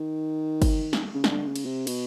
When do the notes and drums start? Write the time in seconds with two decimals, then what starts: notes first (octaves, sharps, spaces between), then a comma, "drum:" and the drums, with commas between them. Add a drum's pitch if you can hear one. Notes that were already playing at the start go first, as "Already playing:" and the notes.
Already playing: D#3
0.62 drum: kick G1, cymbal
0.93 drum: snare
1.15 C#3
1.24 D3, drum: snare
1.46 C#3
1.56 drum: cymbal
1.65 C3
1.87 B2, drum: cymbal